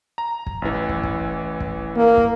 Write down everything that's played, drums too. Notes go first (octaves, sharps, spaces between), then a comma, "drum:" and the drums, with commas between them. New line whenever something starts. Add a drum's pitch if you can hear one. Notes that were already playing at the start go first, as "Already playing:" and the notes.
A#5
drum: kick
A1 E3
drum: kick
drum: kick
drum: kick
A#3
drum: kick